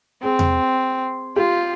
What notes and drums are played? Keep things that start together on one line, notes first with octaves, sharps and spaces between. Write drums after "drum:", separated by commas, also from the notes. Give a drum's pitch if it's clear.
C4 G#4
drum: tom E2
F4 G4